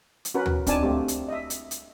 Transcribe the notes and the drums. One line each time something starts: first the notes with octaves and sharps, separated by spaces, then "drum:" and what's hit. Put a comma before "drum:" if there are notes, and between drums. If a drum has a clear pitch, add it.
drum: hi-hat
C#4 F#4 A#4 B4
drum: tom D2
C4 D4 D#4 D5 G#5 A5, drum: kick, hi-hat
A3 A#3 C4 G4
drum: hi-hat
D#5 E5
drum: hi-hat
drum: hi-hat